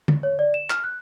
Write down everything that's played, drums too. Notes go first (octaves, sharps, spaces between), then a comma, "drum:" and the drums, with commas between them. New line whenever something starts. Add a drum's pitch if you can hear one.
drum: tom
C#5
D5
E7
F6, drum: clap
F#6